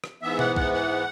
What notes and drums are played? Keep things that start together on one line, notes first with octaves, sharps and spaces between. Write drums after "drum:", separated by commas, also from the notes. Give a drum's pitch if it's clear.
drum: rim click
G#2 E3 B3 E5
F#5, drum: tom B2
F#5, drum: kick B1
F#5